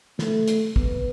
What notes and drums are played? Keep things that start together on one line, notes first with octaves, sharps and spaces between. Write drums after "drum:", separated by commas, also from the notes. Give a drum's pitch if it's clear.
A3, drum: snare
drum: hi-hat
B3, drum: kick